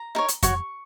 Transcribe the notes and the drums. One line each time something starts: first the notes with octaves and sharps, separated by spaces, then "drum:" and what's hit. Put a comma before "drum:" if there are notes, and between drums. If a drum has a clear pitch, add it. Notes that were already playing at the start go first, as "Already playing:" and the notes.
Already playing: A#5
D#4 A#4 C#5
drum: hi-hat
F#4 C#5 C#6, drum: kick F2, hi-hat